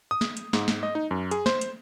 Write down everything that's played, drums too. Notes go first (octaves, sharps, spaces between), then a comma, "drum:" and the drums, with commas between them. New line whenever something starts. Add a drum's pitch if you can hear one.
D#6
drum: snare
drum: hi-hat
G#2, drum: snare
drum: snare
D#5
D#4
F#2
G#4, drum: hi-hat
C5, drum: snare
drum: hi-hat